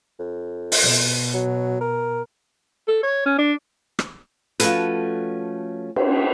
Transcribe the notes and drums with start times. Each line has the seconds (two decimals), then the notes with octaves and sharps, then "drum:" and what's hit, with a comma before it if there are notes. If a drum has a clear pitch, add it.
0.19 F2
0.72 drum: open hi-hat
0.82 B2
1.34 F#3
1.81 A#4
2.88 A4
3.03 C#5
3.26 C#4
3.38 D4
3.99 drum: rim click
4.60 F3 A3 C#4 F#4 A4 B4, drum: hi-hat
5.96 drum: cymbal